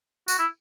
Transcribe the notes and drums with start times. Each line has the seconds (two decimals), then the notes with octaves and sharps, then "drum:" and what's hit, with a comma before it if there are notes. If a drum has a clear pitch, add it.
0.28 F#4, drum: tambourine
0.39 E4